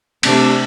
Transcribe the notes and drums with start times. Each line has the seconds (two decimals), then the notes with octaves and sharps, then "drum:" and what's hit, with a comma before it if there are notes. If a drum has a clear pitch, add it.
0.23 C3 A3 D4, drum: cymbal